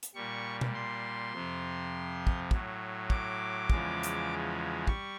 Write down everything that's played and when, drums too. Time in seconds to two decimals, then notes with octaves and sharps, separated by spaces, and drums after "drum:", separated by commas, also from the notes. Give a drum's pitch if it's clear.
0.03 drum: hi-hat
0.15 A#2 G3 C#6
0.61 drum: tom B2
0.74 C6
1.33 F2 C3 F3
2.27 drum: kick
2.51 A2 F#3, drum: kick
3.10 D6, drum: kick
3.70 E2 C#3 F3 G#3, drum: kick
4.03 drum: hi-hat
4.87 G3 C#6, drum: kick